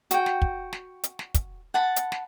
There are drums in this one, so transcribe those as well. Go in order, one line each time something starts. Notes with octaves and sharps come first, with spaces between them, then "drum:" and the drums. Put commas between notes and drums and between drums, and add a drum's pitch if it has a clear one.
F#4 G5, drum: hi-hat
drum: snare
drum: kick
drum: snare
drum: hi-hat
drum: snare
drum: kick, hi-hat
F#5 A5 B5
drum: hi-hat
drum: snare